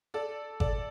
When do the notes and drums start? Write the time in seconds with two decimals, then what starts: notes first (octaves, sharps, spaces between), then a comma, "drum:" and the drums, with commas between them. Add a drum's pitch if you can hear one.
0.14 A4 D5
0.60 A4 D5, drum: kick G1